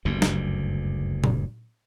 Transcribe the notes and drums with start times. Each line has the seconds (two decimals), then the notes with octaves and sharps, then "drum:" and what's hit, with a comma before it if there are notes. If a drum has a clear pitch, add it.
0.05 F#1 D2 G2
0.22 drum: snare
1.24 drum: tom A#2